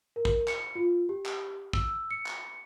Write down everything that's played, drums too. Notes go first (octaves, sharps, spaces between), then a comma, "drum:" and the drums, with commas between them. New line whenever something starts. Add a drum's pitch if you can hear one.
A#4
drum: kick
C#7, drum: clap
F4
G4
drum: clap
E6, drum: kick
C#7
drum: clap